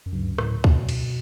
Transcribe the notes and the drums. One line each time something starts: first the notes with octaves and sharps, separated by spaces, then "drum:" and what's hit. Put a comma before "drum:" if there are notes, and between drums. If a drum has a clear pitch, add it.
F#2
D2 G2 C#3 F#3
A2, drum: rim click
B2, drum: kick
drum: cymbal